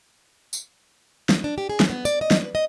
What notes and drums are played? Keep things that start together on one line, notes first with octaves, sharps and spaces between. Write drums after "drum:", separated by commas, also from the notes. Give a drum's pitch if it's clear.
drum: tambourine
drum: snare
D4
G4
G#4
drum: snare
B3
D5, drum: tambourine
D#5
drum: snare
B4
D#5